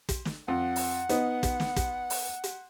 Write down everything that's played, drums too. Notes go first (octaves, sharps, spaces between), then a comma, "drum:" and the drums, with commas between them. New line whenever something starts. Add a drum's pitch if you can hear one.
drum: kick, hi-hat
drum: snare
F2 F#5
drum: open hi-hat
B3 D#4, drum: hi-hat
drum: kick, hi-hat
drum: snare
drum: kick, hi-hat
drum: open hi-hat
drum: hi-hat